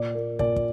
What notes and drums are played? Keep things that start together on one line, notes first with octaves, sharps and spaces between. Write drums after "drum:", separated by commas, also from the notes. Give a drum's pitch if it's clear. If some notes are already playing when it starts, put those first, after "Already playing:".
Already playing: A#2 D5
A#3
A#2 D5, drum: kick
drum: kick